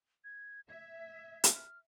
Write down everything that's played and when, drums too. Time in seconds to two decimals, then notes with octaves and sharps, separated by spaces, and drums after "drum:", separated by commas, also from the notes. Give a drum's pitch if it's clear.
0.24 G#6
0.69 E5 G#6
1.44 drum: hi-hat
1.54 F6